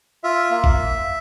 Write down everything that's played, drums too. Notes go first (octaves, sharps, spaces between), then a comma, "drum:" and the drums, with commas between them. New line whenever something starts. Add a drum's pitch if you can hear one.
F4 E5
A#3
drum: kick